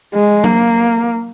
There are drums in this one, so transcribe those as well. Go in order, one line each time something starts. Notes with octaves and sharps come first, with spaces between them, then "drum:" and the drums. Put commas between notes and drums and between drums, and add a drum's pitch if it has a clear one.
G#3
A#3, drum: tom F#3